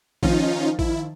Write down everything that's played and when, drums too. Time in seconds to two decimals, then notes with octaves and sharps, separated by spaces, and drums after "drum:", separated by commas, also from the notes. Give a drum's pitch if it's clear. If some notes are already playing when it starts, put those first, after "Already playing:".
0.23 D#3 F3 C#4 D#4 F4, drum: kick A1
0.79 E4, drum: kick A1